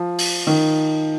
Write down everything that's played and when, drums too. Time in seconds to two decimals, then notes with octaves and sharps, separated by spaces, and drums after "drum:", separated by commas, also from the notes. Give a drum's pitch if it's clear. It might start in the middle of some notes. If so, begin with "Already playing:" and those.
Already playing: F3
0.19 drum: open hi-hat
0.47 D#3